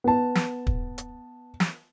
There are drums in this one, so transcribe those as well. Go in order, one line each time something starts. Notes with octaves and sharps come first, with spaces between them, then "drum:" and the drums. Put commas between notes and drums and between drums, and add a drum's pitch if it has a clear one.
B3 A5
drum: snare
drum: kick
drum: hi-hat
drum: snare